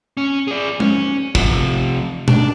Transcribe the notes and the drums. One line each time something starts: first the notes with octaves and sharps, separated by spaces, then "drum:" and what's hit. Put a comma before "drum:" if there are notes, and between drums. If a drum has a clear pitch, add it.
C#4
G#4 D5
C#4, drum: tom G#3
C3 F3, drum: kick
D4, drum: tom B2